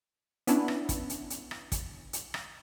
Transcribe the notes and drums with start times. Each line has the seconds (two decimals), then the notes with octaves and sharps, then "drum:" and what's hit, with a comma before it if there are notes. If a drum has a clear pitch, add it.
0.47 B3 C#4 D4 E4, drum: hi-hat
0.68 drum: rim click
0.89 drum: kick, hi-hat
1.10 drum: hi-hat
1.30 drum: hi-hat
1.51 drum: rim click
1.72 drum: kick, hi-hat
2.13 drum: hi-hat
2.34 drum: rim click